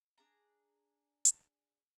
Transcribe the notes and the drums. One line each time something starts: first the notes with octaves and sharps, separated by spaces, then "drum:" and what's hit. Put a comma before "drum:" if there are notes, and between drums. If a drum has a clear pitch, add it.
D4 G#4 A#5
drum: hi-hat